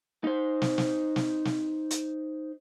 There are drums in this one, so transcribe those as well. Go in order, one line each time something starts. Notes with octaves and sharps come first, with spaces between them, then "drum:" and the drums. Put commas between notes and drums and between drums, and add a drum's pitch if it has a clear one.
D#4 C5
drum: snare
drum: snare
drum: snare
drum: snare
drum: hi-hat